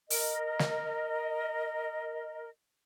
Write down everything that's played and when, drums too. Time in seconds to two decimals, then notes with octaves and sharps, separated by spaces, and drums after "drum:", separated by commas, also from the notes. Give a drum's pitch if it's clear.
0.10 A#4 D#5, drum: open hi-hat
0.59 drum: snare